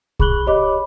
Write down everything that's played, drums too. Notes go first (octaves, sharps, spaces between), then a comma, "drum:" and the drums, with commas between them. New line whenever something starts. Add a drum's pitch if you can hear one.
G#4 B5 C#6 F#6 F#7 G7, drum: kick
G4 C#5 D#5 B5 D6